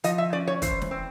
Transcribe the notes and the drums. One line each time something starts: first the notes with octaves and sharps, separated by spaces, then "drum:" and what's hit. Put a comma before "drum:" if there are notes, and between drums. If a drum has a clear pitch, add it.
F3 D#5, drum: hi-hat
E5
C#4 D5
C#5
E3 C5, drum: kick, hi-hat
drum: snare
C4